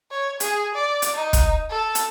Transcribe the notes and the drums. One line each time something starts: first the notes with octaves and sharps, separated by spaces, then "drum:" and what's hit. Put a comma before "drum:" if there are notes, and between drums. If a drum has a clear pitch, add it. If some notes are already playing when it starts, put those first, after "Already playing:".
C#5
G#4, drum: hi-hat
D5
drum: hi-hat
D#4
drum: kick, hi-hat
A4
drum: hi-hat